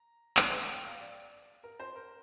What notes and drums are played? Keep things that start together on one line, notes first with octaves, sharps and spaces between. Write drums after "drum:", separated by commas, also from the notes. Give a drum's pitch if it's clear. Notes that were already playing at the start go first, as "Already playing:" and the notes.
Already playing: A#5
G#5, drum: clap
G5
F5
D5
A#4
C5
A#4